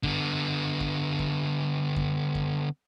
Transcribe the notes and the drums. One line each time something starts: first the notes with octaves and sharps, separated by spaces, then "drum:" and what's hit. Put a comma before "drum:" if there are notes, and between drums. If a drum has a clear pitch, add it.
D3 B3, drum: kick F#2
drum: kick F#2
drum: kick F#2
drum: kick F#2
drum: kick F#2